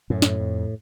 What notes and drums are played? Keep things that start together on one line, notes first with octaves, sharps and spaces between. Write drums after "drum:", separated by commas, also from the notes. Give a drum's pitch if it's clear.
F#2 A2
drum: snare
F2